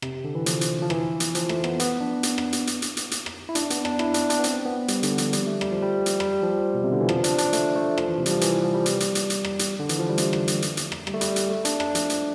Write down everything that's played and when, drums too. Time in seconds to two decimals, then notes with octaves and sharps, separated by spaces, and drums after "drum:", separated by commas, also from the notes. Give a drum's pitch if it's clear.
0.02 C3, drum: rim click
0.24 D3
0.35 E3
0.46 F3, drum: hi-hat
0.61 drum: hi-hat
0.82 F3
0.90 E3, drum: rim click
1.20 drum: hi-hat
1.35 F3, drum: hi-hat
1.49 A3, drum: rim click
1.64 B3, drum: rim click
1.80 B3, drum: hi-hat
2.01 D4
2.23 drum: hi-hat
2.38 drum: rim click
2.53 drum: hi-hat
2.67 drum: hi-hat
2.82 drum: hi-hat
2.97 drum: hi-hat
3.11 drum: hi-hat
3.26 drum: rim click
3.49 E4
3.55 D4, drum: hi-hat
3.70 B3, drum: hi-hat
3.85 D4, drum: rim click
3.99 E4, drum: rim click
4.14 D4, drum: hi-hat
4.30 D4, drum: hi-hat
4.39 B3
4.44 C4, drum: hi-hat
4.65 B3
4.88 G3, drum: hi-hat
5.03 D3, drum: hi-hat
5.18 F3, drum: hi-hat
5.33 G3, drum: hi-hat
5.47 A3
5.61 G3, drum: rim click
5.72 F3
5.82 G3
6.06 drum: hi-hat
6.20 G3, drum: rim click
6.43 F3
6.74 B2
6.84 C3
6.92 D3
7.01 E3
7.09 F3, drum: rim click
7.24 D4, drum: hi-hat
7.38 D4, drum: hi-hat
7.53 A3, drum: hi-hat
7.75 A3
7.98 F3, drum: rim click
8.09 E3
8.19 C3
8.26 G3, drum: hi-hat
8.31 F3
8.41 E3, drum: hi-hat
8.63 F3
8.75 G3
8.86 drum: hi-hat
9.00 drum: hi-hat
9.15 drum: hi-hat
9.30 drum: hi-hat
9.45 drum: rim click
9.59 drum: hi-hat
9.79 D3
9.89 E3, drum: hi-hat
9.99 F3
10.09 G3
10.18 A3, drum: hi-hat
10.33 drum: rim click
10.48 drum: hi-hat
10.62 drum: hi-hat
10.77 drum: hi-hat
10.92 drum: rim click
11.07 G3, drum: rim click
11.14 A3
11.21 G3, drum: hi-hat
11.36 drum: hi-hat
11.50 A3
11.65 D4, drum: hi-hat
11.80 D4, drum: rim click
11.95 F3, drum: hi-hat
12.10 drum: hi-hat